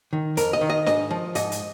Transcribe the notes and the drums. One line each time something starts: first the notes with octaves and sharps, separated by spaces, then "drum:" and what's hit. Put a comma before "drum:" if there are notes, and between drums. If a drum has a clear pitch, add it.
D#3
F2 A#4, drum: hi-hat
D#5
D#3
D#5
G#2 D#5, drum: snare D4
F3
G#2 D#5, drum: hi-hat
drum: hi-hat